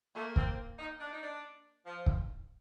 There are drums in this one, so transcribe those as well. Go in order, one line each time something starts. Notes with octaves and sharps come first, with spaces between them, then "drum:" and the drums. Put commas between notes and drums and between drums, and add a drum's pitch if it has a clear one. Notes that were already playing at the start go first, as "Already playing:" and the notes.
A3 A#3
C4, drum: kick
D#4
D4
D#4
D4
F3
drum: kick